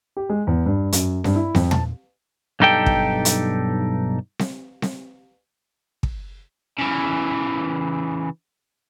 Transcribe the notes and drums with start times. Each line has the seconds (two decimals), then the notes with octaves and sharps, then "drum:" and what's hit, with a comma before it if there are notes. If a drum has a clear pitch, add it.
0.17 G4
0.29 G#3
0.47 E2
0.66 G2
0.93 F#2, drum: hi-hat
1.24 G2, drum: snare C4
1.36 E4
1.55 F2, drum: snare C4
1.71 A5, drum: tom
2.60 B1 G2 D#4 G4 A4 G5
2.86 drum: kick
3.25 drum: hi-hat
4.39 drum: snare C4
4.82 drum: snare C4
6.03 drum: kick
6.79 C#3 E3